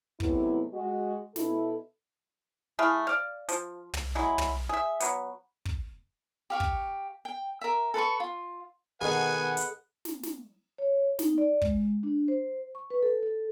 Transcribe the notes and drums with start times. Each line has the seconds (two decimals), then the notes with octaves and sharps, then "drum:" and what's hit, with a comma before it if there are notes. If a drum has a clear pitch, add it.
0.20 G#2 C3 F#3 A3 B3 E4, drum: kick
0.73 G#3 F#4
1.36 B2 E4 A4, drum: snare
2.79 A3 E4 G#4 F5
3.07 D5 F5
3.49 F3, drum: hi-hat
3.93 drum: tom
4.15 F#3 G#3 E4
4.38 drum: tom
4.69 G#4 E5
5.00 F#3 B3, drum: hi-hat
5.65 drum: kick
6.50 G4 F5 C#6
6.60 drum: kick
7.25 G5
7.61 A#4 E5
7.94 A4 B4 A5 C#6
8.20 F4
9.01 B2 D#3 G#4 A4 B4 D#5 F#5 G#5
9.57 drum: hi-hat
10.05 drum: snare
10.23 drum: snare
10.78 C#5
11.19 D#4, drum: snare
11.38 D5
11.61 G#3, drum: kick
12.03 D4
12.28 C5
12.75 C#6
12.90 B4
13.02 A4
13.23 A4